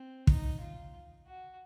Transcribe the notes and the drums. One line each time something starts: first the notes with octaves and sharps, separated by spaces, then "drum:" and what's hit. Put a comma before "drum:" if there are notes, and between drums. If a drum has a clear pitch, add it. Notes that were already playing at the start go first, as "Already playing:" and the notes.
Already playing: C4
D#4, drum: kick
F4
F#4